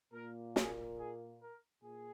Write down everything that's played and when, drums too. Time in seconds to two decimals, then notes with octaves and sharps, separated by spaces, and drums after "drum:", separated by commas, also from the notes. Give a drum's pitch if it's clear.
0.13 A#2 A#3 A#4
0.56 G#4, drum: snare
0.98 G#4
1.41 A#4
1.82 A#2 G#4